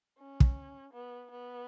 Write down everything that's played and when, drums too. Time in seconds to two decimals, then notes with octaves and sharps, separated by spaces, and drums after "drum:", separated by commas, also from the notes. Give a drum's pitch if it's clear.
0.19 C#4
0.40 drum: kick
0.93 B3
1.31 B3